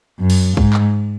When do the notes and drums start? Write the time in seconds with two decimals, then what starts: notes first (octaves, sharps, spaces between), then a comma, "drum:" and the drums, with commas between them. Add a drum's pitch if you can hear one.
0.19 F#2
0.30 drum: cymbal
0.57 G#2, drum: kick
0.73 drum: clap